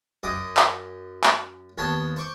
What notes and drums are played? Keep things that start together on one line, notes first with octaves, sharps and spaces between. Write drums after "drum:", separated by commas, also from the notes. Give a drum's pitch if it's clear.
F#2 D#5 D6 D#6
drum: clap
drum: clap
D#2 B3 C#5 A5 C6
C5 C#6 D6